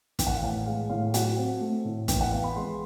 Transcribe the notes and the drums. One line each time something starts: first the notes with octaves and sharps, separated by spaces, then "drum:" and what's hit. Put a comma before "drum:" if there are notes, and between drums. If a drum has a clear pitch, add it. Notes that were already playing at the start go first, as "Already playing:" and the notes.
E3 G5, drum: kick, hi-hat
F#5
F5
A2 F#5
G#3 F5
A2 F5
F#3 F#5, drum: hi-hat
C4
A3
A2
E3 G5, drum: kick, hi-hat
F#5
B3 F5
B5
G#3 C6